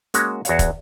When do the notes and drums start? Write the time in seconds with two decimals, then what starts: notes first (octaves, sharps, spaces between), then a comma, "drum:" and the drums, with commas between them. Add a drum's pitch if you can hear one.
0.14 G#3 A#3 C#4 F#4, drum: hi-hat
0.45 E2 F#4 C#5 F5, drum: hi-hat
0.59 drum: kick, hi-hat